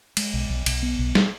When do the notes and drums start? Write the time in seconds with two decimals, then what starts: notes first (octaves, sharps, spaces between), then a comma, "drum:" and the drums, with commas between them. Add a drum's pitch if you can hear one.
0.17 G#3, drum: cymbal
0.34 B1
0.50 B1
0.66 B1, drum: cymbal
0.83 B3
0.99 B1
1.15 drum: snare